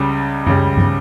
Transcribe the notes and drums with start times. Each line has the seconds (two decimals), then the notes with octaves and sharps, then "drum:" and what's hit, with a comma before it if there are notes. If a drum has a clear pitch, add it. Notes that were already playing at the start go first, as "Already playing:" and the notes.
Already playing: C#2 C#3 G3
0.47 C#2 C#3 G3, drum: tom F#2
0.77 drum: tom G2